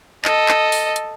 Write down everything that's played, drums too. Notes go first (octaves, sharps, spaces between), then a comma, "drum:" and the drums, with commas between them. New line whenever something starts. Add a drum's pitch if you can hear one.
A4 D#5, drum: clap
drum: clap
drum: open hi-hat
drum: hi-hat